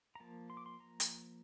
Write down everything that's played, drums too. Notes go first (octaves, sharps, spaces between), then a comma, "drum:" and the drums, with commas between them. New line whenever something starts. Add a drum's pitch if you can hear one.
A#5
F3 A#3 A5
C6
D6
C6
A#5
drum: hi-hat